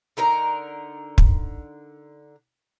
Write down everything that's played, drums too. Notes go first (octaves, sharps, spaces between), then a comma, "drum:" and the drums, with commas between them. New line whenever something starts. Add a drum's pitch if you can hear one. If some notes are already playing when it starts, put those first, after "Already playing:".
D3 D#4 A#4 A#5
drum: kick